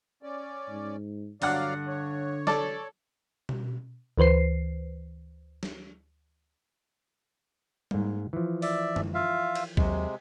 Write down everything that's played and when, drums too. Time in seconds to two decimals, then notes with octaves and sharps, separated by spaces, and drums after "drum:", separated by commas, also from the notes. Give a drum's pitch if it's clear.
0.23 C#4 D5
0.69 G#2
1.42 G2 D3 F#3 D5 F5 F#5, drum: open hi-hat
1.87 C#5
2.47 A4 D5, drum: snare
3.49 drum: tom B2
4.18 D2 E3 B4 C5 C7
5.63 drum: snare
7.91 G#2 A#3, drum: tom G3
8.33 E3 F3
8.62 D5 E5, drum: open hi-hat
8.96 drum: tom
9.14 F4 E5 F5
9.55 drum: cymbal
9.77 D#2 C3 F#3 G#3, drum: kick A#1